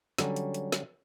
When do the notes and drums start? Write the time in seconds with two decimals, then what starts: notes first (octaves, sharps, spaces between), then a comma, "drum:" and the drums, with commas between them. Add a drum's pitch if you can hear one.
0.18 D3 F#3 G3 C#4, drum: snare
0.36 drum: hi-hat
0.54 drum: hi-hat
0.72 drum: snare